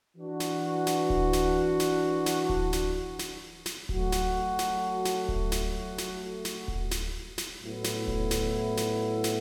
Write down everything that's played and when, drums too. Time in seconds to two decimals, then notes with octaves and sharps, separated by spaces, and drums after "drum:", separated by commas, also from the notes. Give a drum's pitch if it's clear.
0.17 E3 D4 F#4
0.40 drum: snare
0.87 drum: snare
1.10 drum: kick D1
1.33 drum: snare
1.80 drum: snare
2.26 drum: snare
2.49 drum: kick D1
2.73 drum: snare
3.19 drum: snare
3.66 drum: snare
3.89 F#3 A3 F#4, drum: kick D1
4.12 drum: snare
4.59 drum: snare
5.05 drum: snare
5.28 drum: kick D1
5.52 drum: snare
5.98 drum: snare
6.45 drum: snare
6.68 drum: kick D1
6.91 drum: snare
7.38 drum: snare
7.61 A2 F#3 B3 E4
7.84 drum: snare
8.08 drum: kick D1
8.31 drum: snare
8.77 drum: snare
9.24 drum: snare